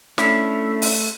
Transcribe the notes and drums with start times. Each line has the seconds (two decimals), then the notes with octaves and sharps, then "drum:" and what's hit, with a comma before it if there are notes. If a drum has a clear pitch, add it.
0.18 A3 C#4 D4 E4, drum: snare
0.82 drum: open hi-hat